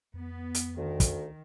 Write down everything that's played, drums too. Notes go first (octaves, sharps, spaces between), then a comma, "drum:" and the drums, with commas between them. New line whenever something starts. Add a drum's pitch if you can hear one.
F2 B3
drum: hi-hat
D2 D#3
drum: kick, hi-hat